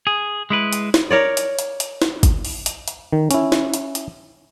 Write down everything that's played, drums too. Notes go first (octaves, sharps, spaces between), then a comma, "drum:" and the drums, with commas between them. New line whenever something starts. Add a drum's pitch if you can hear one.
G#4
G#3 E4 B4
drum: hi-hat
drum: snare
A#4 C#5 D5
drum: hi-hat
drum: hi-hat
drum: hi-hat
drum: snare
drum: kick, hi-hat
drum: open hi-hat
drum: hi-hat
drum: hi-hat
D#3
C#4 E4, drum: hi-hat
drum: snare
drum: hi-hat
drum: hi-hat